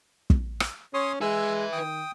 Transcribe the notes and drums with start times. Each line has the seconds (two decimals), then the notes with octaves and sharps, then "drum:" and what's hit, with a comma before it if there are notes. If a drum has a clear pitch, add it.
0.30 drum: kick
0.60 drum: rim click
0.94 C#4 C#5 C6 D#6
1.21 G#3 B4 E5 G#5 E6
1.72 D#3 G5 D#6